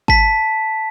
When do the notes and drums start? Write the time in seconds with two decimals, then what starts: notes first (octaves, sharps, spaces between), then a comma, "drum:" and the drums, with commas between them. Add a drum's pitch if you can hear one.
0.08 A5 B6, drum: kick G#1